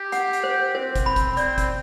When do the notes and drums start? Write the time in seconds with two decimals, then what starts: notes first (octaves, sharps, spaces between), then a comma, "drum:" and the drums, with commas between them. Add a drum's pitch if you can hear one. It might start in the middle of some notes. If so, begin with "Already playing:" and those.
Already playing: G4
0.12 F#5, drum: hi-hat
0.33 drum: hi-hat
0.44 C5
0.75 C4 C5
0.95 drum: kick, hi-hat
1.06 B5
1.16 drum: kick, hi-hat
1.37 C4 D5, drum: hi-hat
1.58 drum: kick, hi-hat